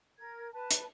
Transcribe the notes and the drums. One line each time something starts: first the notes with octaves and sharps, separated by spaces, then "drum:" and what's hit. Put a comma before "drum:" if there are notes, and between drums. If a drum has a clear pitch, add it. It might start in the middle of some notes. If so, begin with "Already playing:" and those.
A#4 G#6
B4 A5
drum: hi-hat